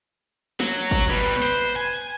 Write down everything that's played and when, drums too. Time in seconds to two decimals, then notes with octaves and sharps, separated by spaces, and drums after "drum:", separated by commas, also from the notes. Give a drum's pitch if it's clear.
0.60 F#3, drum: snare
0.91 drum: kick
1.10 B2 G3 B4
1.42 C5
1.76 G#5